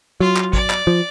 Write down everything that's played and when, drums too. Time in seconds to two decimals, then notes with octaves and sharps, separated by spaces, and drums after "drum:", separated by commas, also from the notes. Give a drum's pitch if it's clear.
0.20 F#3 F4
0.37 drum: clap
0.53 D5, drum: kick G#1
0.70 drum: clap
0.87 F3